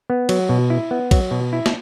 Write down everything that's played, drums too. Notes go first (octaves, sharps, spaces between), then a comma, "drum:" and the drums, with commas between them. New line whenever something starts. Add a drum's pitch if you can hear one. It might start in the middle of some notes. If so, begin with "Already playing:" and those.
B3
F#3, drum: cymbal
B2
E4
B3
F#3, drum: kick, cymbal
B2
E4
drum: snare